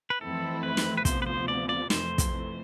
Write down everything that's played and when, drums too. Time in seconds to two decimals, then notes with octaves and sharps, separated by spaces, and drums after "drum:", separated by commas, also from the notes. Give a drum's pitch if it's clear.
0.10 B4
0.21 F2 E3 A3 C4 E4 A4
0.63 B4
0.77 drum: snare
0.97 B4
1.05 D2 C3 F3 B3 C5, drum: kick, hi-hat
1.22 B4
1.27 C5
1.48 D5
1.69 D5
1.90 F2 C3 E3 A3 C5, drum: snare
2.18 drum: kick, hi-hat